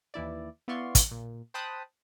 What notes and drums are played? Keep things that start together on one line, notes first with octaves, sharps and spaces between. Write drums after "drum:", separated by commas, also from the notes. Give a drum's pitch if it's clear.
D#2 E3 E4 D5
B3 E4 D5 F5 C6 C#6
drum: kick, hi-hat
A#2
C5 G5 A5 B5 D#6 F#6